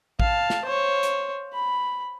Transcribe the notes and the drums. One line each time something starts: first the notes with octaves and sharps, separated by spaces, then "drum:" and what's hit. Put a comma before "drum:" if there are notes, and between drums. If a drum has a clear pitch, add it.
F5 A5, drum: kick A1
drum: snare
C5 C#5
drum: hi-hat
B5